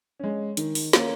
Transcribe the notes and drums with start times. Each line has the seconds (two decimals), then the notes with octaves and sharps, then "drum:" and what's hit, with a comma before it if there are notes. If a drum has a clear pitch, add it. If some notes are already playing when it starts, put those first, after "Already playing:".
0.19 G#3 C#4
0.57 D#3, drum: hi-hat
0.75 drum: open hi-hat
0.93 A#3 C#4, drum: snare